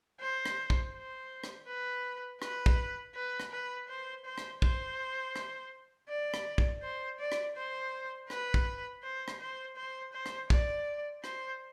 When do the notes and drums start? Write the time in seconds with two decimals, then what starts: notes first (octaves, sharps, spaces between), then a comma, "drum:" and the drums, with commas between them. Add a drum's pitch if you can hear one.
0.21 C5
0.46 drum: rim click
0.70 drum: kick
0.94 C5
1.44 drum: rim click
1.68 B4
2.42 B4, drum: rim click
2.66 drum: kick
3.15 B4
3.40 drum: rim click
3.52 B4
3.88 C5
4.25 C5
4.38 drum: rim click
4.62 C5, drum: kick
5.36 drum: rim click
6.09 D5
6.34 drum: rim click
6.58 drum: kick
6.83 C5
7.20 D5
7.32 drum: rim click
7.56 C5
8.30 B4, drum: rim click
8.54 drum: kick
9.03 C5
9.28 drum: rim click
9.40 C5
9.77 C5
10.13 C5
10.26 drum: rim click
10.50 D5, drum: kick
11.24 C5, drum: rim click